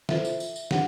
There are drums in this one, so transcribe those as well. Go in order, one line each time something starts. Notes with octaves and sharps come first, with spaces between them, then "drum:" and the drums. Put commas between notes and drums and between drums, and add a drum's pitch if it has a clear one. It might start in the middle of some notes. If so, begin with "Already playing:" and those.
F4 A4 C5 E5, drum: snare
drum: tambourine
drum: tambourine
drum: tambourine
D4 G4 F#5, drum: snare